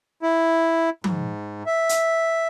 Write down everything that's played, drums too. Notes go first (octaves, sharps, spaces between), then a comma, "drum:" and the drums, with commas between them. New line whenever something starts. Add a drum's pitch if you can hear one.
E4
G#2, drum: tom F3
E5
drum: hi-hat